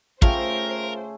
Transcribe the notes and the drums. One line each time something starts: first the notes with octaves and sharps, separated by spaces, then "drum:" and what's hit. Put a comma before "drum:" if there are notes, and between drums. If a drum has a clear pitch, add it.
C#3 A3 F4 G#4 A#4 C5 G5, drum: kick